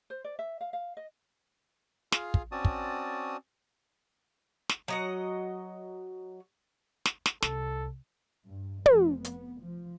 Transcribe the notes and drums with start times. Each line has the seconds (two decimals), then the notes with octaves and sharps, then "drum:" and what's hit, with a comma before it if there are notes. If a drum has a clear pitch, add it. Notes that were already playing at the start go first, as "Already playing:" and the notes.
0.10 C5
0.24 D5
0.39 E5
0.61 F5
0.73 F5
0.97 D#5
2.12 F4 G#4 F5, drum: snare
2.34 drum: kick
2.52 C4 C#4 F#4 D5 A5 D#6
2.65 drum: kick
4.69 drum: snare
4.88 F#3 D#5 F#5
7.05 drum: snare
7.26 drum: snare
7.42 C2 A4, drum: snare
8.44 G2
8.86 F1 F3, drum: tom
9.24 B3, drum: hi-hat
9.62 F3